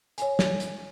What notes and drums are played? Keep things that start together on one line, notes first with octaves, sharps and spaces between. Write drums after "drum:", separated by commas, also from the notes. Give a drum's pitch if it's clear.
C#5 G#5, drum: hi-hat
drum: snare
drum: hi-hat